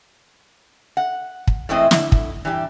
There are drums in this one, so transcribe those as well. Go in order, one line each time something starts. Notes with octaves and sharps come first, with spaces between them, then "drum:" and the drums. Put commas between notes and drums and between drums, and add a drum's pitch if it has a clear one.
F#5
drum: kick
A2 E3 G#3 C4 E4 D#5
D3 E4, drum: snare
drum: kick
E3 G3 D4 G4